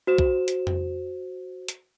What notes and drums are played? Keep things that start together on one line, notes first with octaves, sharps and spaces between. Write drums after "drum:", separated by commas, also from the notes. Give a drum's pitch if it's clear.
F#4 C5 E7
drum: kick B1
drum: hi-hat
drum: tom F2
drum: hi-hat